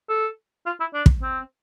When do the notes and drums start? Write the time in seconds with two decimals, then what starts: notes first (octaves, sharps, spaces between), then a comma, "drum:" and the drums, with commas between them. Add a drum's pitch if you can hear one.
0.09 A4
0.66 F4
0.80 E4
0.94 D4
1.06 drum: kick
1.22 C4